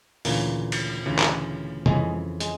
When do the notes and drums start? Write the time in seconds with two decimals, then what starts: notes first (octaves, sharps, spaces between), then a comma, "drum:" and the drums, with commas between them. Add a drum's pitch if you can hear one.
0.25 D2 A#2 C#3 E3 A#3, drum: open hi-hat
0.72 drum: cymbal
1.06 D2 C#3 E3
1.19 drum: clap
1.86 F2 C#3 E3 G#3, drum: tom
2.40 G#3, drum: hi-hat